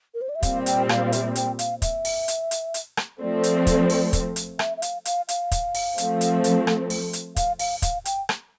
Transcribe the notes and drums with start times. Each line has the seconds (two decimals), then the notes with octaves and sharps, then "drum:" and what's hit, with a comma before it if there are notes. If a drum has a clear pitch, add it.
0.14 A#4
0.21 C5
0.29 D5
0.35 E5
0.43 A#2 G3 C4 F5, drum: kick, hi-hat
0.66 G5, drum: hi-hat
0.89 F5, drum: rim click
1.07 F5
1.12 E5, drum: hi-hat
1.35 G5, drum: hi-hat
1.59 F5, drum: hi-hat
1.82 E5, drum: kick, hi-hat
2.05 drum: open hi-hat
2.28 drum: hi-hat
2.51 drum: hi-hat
2.74 drum: hi-hat
2.97 drum: rim click
3.21 F3 A3 C4 D5
3.43 drum: hi-hat
3.67 drum: kick, hi-hat
3.90 drum: open hi-hat
4.13 drum: kick, hi-hat
4.36 drum: hi-hat
4.59 E5, drum: rim click
4.77 E5
4.82 F5, drum: hi-hat
5.05 F5, drum: hi-hat
5.29 F5, drum: hi-hat
5.52 drum: kick, hi-hat
5.75 drum: open hi-hat
5.98 F3 A3 C4, drum: hi-hat
6.21 drum: hi-hat
6.44 drum: hi-hat
6.67 drum: rim click
6.90 drum: open hi-hat
7.13 drum: hi-hat
7.36 F5, drum: kick, hi-hat
7.59 F5, drum: open hi-hat
7.82 F5, drum: kick, hi-hat
8.05 G5, drum: hi-hat
8.29 drum: rim click